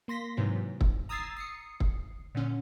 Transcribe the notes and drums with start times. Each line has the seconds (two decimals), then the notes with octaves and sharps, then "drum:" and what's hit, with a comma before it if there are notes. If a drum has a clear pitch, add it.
0.08 A#3 C6 A#6 B6
0.37 G#2 C3 E3 F#3
0.56 G#2
0.81 drum: kick
1.09 A#5 D#6 E6 G#6 A6 C7
1.37 D#6 C7 C#7
1.80 drum: kick
2.35 A#2 D3 C#4